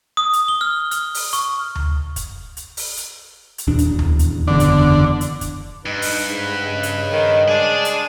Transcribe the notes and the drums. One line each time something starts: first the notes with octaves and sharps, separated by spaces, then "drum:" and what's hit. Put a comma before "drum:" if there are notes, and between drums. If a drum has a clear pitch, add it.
D#6
drum: hi-hat
G7
F6
F6, drum: hi-hat
drum: open hi-hat
C#6, drum: hi-hat
drum: tom D2
drum: kick, hi-hat
drum: hi-hat
drum: open hi-hat
drum: hi-hat
drum: hi-hat
D#1 E2 D4
drum: kick, hi-hat
drum: tom D2
drum: hi-hat
F#1 E2 D3
drum: hi-hat
drum: hi-hat
drum: kick, hi-hat
G2 D#4 B4
drum: open hi-hat
G#2
C#3 D#5
drum: hi-hat
D#3
G#3 D4 G#4
drum: hi-hat